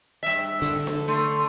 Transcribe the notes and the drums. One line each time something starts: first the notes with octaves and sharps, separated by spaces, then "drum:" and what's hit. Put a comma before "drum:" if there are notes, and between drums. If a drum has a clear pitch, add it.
G2 E5
D3, drum: hi-hat
drum: snare D4
A3 C6